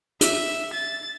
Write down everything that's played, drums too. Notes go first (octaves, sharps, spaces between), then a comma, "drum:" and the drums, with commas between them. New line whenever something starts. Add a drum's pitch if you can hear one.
E5, drum: hi-hat
A6